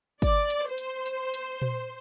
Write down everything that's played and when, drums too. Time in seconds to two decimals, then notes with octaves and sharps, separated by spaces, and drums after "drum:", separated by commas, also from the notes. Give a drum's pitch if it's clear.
0.22 D5, drum: kick, hi-hat
0.50 drum: hi-hat
0.68 C5
0.78 drum: hi-hat
1.06 drum: hi-hat
1.34 drum: hi-hat
1.62 drum: tom A#2